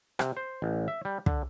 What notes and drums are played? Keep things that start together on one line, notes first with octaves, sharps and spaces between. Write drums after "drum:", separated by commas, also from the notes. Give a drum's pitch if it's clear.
C3, drum: rim click
C5
A1
E5
G3
D3, drum: kick